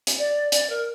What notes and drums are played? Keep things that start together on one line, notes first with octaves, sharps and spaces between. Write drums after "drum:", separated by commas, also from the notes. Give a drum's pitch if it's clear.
drum: hi-hat
D5
D5, drum: hi-hat
A#4